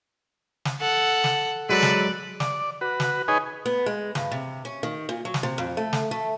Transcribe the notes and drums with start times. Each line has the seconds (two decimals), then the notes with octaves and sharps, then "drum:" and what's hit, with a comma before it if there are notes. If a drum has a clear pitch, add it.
0.65 drum: snare
0.80 A4 F#5
1.24 drum: snare
1.70 F#3 G#3 A4 B4 D5
1.83 drum: snare
2.40 D5, drum: snare
2.81 F#4 B4
3.00 drum: snare
3.28 D#4 G#4 B4 C#5 D#5 G#5
3.66 B3
3.86 G#3
4.15 G2, drum: snare
4.32 C3
4.65 C#4
4.83 D#3
5.09 A#2
5.25 F#3
5.34 drum: snare
5.43 C3
5.58 F2
5.77 A3
5.93 drum: snare
6.11 A3